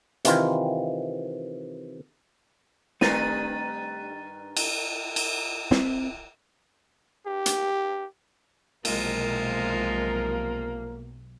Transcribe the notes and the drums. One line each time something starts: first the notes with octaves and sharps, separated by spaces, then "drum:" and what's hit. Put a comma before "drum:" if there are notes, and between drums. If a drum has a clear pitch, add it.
C3 D#3 E3 F4, drum: hi-hat
G2 D#3 A3 C4 A#4 B4 A6 D#7, drum: snare
drum: cymbal
drum: cymbal
C4, drum: snare
G4
drum: hi-hat
B1 C3 F3 G#3 A#3 F4 A#4, drum: cymbal